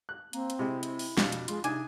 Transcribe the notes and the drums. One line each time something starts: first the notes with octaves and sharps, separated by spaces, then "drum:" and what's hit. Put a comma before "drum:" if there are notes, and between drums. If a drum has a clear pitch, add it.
F#6
A#3 C4, drum: hi-hat
drum: hi-hat
C3 G#3 E4
drum: hi-hat
drum: open hi-hat
F2 B2 G3 D4, drum: snare
drum: hi-hat
G#3 F4, drum: hi-hat
C3 D4 D#4 G#5 D6, drum: hi-hat